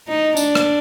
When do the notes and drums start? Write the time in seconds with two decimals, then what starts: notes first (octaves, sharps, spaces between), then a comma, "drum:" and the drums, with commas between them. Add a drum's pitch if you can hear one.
0.09 D#4
0.37 D4, drum: tambourine
0.55 drum: rim click